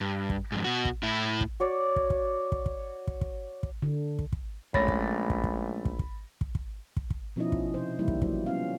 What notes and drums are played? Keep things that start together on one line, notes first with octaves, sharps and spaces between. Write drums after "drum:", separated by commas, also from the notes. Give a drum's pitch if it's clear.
G2
drum: kick
F2 G#2
B2 F#4
drum: kick
A2 E4
drum: kick
F#4 C#5 D5
drum: kick
drum: kick
drum: kick
drum: kick
drum: kick
drum: kick
drum: kick
D3
drum: kick
drum: kick
A#1 G#3 A3 C#4 C#5 B5 A6 A#6, drum: kick
drum: kick
drum: kick
drum: kick
drum: kick
drum: kick
drum: kick
drum: kick
drum: kick
drum: kick
B2 F3 C#4 D#4 E4 D#5
drum: kick
C3 F3 D#4 C5
D3 E3 G3 A#3 D#4 E4
drum: kick
F#3 A#3 C5, drum: kick
G3 B3 C#4 F4 F5